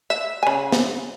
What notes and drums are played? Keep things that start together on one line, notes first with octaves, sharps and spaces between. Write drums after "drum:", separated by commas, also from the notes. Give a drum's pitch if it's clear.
E5
C#3 G#5
drum: snare